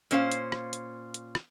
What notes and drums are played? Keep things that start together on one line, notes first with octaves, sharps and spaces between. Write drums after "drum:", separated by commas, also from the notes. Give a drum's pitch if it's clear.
A#2 C#4 C5 F5, drum: hi-hat
drum: hi-hat
drum: rim click
drum: hi-hat
drum: hi-hat
drum: rim click